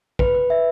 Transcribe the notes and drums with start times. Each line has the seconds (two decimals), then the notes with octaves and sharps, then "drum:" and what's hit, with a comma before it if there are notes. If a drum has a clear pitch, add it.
0.19 B4, drum: kick A#1
0.35 B4
0.50 E5